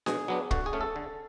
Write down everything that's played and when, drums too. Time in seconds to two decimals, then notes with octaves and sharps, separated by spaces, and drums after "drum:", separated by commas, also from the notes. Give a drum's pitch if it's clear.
0.06 B2 G#4, drum: snare D4
0.28 F#3 B3 D4
0.51 D3 F#4, drum: kick
0.66 G#4
0.73 A3 C#4
0.81 A4
0.96 D3